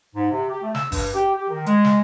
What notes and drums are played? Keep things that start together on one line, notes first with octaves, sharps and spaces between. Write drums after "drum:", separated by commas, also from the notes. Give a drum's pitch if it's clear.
G#2
C3
G4
A3
E6, drum: snare
G2, drum: kick G1, open hi-hat
G4
G4
D#3
G#3, drum: hi-hat
drum: snare